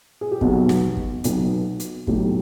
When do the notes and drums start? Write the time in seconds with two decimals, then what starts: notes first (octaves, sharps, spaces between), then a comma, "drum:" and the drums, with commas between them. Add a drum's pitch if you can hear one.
0.21 G#4
0.31 G4
0.41 B1 B2 F#3 B3 F#4, drum: kick
0.69 drum: snare
0.97 drum: kick
1.24 B1 B2 F#3 B3, drum: hi-hat
1.80 drum: hi-hat
2.07 B1 A2 F#3 G4, drum: kick